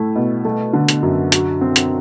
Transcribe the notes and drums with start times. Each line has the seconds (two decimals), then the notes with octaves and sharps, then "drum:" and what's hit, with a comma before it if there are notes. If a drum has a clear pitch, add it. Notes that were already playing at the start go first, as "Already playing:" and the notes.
Already playing: A2 A3 E4
0.16 B2
0.45 A3
0.73 D3
0.88 drum: hi-hat
1.03 F#2
1.32 F#4, drum: hi-hat
1.61 C4
1.76 drum: hi-hat